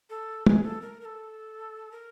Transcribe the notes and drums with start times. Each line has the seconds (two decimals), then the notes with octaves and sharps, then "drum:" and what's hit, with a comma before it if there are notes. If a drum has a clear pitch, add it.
0.10 A4
0.46 G#4, drum: tom
0.64 A4
0.82 A#4
1.01 A#4
1.05 A4
1.92 A#4